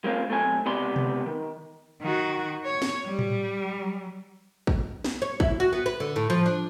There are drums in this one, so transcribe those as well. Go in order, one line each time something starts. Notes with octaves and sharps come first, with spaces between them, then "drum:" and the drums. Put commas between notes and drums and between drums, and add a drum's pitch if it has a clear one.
G#3 A#3 C4 C#4 F4
B1 A3 C4 G#5
C#2 C3 B3 D5 C6
drum: tom B2
D#3
D#3 F#4
C#5
drum: snare
G3
drum: tom A2
drum: kick
drum: snare
C#5
E4, drum: kick
F#4
B3
B4
D3
A2
F3
D4